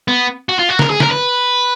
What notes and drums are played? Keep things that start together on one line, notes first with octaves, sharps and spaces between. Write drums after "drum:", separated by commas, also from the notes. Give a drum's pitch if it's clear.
B3
F#4
F4
F#4
A#4, drum: snare
G#4
A#4, drum: snare
B4